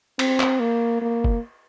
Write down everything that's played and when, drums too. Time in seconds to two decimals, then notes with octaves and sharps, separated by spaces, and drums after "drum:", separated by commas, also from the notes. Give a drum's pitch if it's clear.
0.19 C4, drum: cymbal
0.40 drum: clap
0.60 A#3
1.02 A#3
1.24 drum: kick F#1